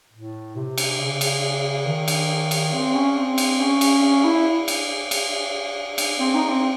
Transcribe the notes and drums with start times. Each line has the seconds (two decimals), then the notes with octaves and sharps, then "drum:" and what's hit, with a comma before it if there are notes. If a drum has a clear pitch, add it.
0.13 A2
0.56 C3
0.78 drum: cymbal
1.00 C#3
1.21 drum: cymbal
1.85 D#3
2.08 drum: cymbal
2.51 drum: cymbal
2.73 C4
2.94 C#4
3.17 C4
3.38 drum: cymbal
3.60 C#4
3.81 drum: cymbal
4.02 C#4
4.24 E4
4.68 drum: cymbal
5.11 drum: cymbal
5.98 drum: cymbal
6.19 C4
6.34 D#4
6.48 C4